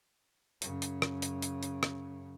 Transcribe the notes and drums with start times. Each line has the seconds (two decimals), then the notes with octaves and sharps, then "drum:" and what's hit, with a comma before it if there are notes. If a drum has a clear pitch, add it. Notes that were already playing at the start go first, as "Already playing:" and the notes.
0.62 F#2 C#3, drum: hi-hat
0.82 drum: hi-hat
1.02 drum: rim click
1.22 drum: hi-hat
1.42 drum: hi-hat
1.63 drum: hi-hat
1.83 drum: rim click